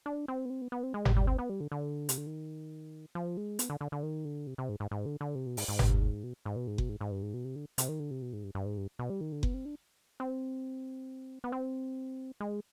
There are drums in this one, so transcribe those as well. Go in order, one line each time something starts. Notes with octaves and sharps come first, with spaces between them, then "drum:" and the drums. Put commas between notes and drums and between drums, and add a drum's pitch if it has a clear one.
D4
C4
B3
C4
B3
B3
C4
G#3
G3, drum: tom G1
G3
C4
B3
G3
D3
D3
C3, drum: hi-hat
D3
D#3
F3
G#3
B3, drum: hi-hat
D3
D3
D3
D#3
D3
C3
C3
G#2
G#2
G#2
D3
D3
C3
B2
G#2, drum: open hi-hat
G#2
G2, drum: tom G1
G#2
B2
G#2
B2
G#2
B2, drum: kick F#1
G#2
G#2
G2
G#2
B2
C3
D3
C3, drum: hi-hat
D#3
D3
C3
B2
G#2
G2
G2
G#2
G2
B2
G3
D#3
D3
B3, drum: kick F#1
C4
D4
C4
B3
C4
G#3